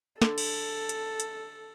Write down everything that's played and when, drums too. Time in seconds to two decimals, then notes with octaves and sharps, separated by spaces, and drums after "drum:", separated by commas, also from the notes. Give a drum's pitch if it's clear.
0.22 D3 A4, drum: snare
0.38 drum: cymbal
0.89 drum: hi-hat
1.20 drum: hi-hat